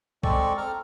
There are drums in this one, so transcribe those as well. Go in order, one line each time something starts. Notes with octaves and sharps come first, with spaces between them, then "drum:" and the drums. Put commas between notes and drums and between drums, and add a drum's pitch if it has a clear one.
G#3 C4 A4 D5 C#6, drum: kick
C4 A4 A#5 F6